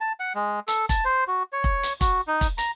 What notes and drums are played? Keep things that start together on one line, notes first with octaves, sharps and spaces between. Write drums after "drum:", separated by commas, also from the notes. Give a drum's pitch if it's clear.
A5
F#5
G#3
A4, drum: hi-hat
A5, drum: kick, hi-hat
C5
F#4
C#5
drum: kick
drum: hi-hat
F#4, drum: kick, hi-hat
D#4
drum: kick, hi-hat
A#5, drum: hi-hat